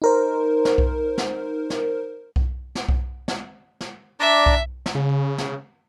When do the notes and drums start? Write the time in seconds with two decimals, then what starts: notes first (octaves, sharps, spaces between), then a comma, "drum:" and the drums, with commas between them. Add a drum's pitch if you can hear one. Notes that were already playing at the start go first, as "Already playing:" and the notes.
0.02 D#4 A#4 C5
0.65 drum: snare
0.78 drum: kick B1
1.18 drum: snare
1.70 drum: snare
2.36 drum: kick B1
2.75 drum: snare
2.89 drum: kick B1
3.28 drum: snare
3.81 drum: snare
4.20 D4 D5 E5 A#5
4.46 drum: kick B1
4.86 drum: snare
4.95 C#3
5.38 drum: snare